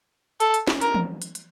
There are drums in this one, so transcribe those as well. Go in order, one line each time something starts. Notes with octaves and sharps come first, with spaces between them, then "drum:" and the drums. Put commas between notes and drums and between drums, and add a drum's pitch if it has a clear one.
A4, drum: hi-hat
drum: hi-hat
drum: snare
A#4, drum: hi-hat
drum: tom E3
drum: hi-hat
drum: hi-hat